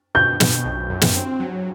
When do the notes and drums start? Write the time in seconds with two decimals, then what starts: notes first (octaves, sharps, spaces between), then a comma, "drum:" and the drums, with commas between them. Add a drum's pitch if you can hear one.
0.15 B2 G6
0.40 B2, drum: snare
0.65 B1
0.90 F#2
1.02 drum: snare
1.15 C4
1.40 F#3